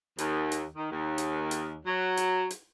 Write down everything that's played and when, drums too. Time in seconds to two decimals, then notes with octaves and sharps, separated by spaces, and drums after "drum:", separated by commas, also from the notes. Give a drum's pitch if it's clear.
0.18 D#2, drum: hi-hat
0.52 drum: hi-hat
0.76 D#3
0.91 D#2
1.18 drum: hi-hat
1.51 drum: hi-hat
1.86 F#3
2.17 drum: hi-hat
2.50 drum: hi-hat